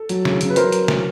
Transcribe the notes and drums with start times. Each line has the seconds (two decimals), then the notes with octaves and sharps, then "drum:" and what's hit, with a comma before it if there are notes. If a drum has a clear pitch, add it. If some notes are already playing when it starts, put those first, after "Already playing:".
Already playing: A4
0.09 F#3, drum: hi-hat
0.25 C#3, drum: snare
0.41 C#3, drum: hi-hat
0.50 B4
0.56 F#3 A#4 C5, drum: hi-hat
0.72 drum: hi-hat
0.88 drum: snare